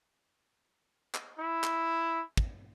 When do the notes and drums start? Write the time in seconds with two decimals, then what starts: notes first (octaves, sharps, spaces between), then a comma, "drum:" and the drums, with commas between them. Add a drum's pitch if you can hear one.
1.15 drum: clap
1.39 E4
1.64 drum: clap
2.37 drum: kick